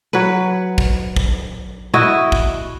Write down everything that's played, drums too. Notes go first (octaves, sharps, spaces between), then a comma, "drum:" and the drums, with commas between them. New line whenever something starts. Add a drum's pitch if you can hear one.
F#3 B4
drum: kick
drum: kick
E4 F#4 D#5
drum: kick